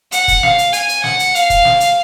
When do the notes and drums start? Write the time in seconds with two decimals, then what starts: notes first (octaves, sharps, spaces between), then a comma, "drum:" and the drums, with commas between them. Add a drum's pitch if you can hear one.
0.12 F#5, drum: hi-hat
0.28 drum: kick, hi-hat
0.43 F5, drum: snare
0.58 drum: hi-hat
0.73 G#5, drum: hi-hat
0.89 drum: hi-hat
1.04 F#5, drum: snare
1.19 drum: hi-hat
1.35 F5, drum: hi-hat
1.50 drum: kick, hi-hat
1.65 drum: snare
1.80 drum: hi-hat